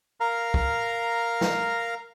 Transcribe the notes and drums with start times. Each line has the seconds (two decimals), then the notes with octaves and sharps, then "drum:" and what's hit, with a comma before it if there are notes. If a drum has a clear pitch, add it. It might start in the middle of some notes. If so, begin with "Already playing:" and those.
0.20 A#4 F5 A#5
0.54 drum: kick
1.41 drum: snare